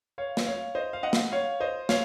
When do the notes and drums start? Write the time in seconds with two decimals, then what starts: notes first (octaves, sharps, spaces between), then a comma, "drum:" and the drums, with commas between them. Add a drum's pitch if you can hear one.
0.18 C#5 F5
0.37 drum: snare
0.46 C#5 F5
0.75 C5 D#5
0.93 F5
1.03 D#5 F#5
1.13 drum: snare
1.32 C#5 F5
1.60 C5 D#5
1.89 C#5 F5, drum: snare